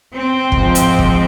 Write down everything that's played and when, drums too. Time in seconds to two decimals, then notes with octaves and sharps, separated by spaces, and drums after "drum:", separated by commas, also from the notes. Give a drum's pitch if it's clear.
0.16 C4
0.52 G#2 F3, drum: kick
0.75 drum: hi-hat
0.99 drum: kick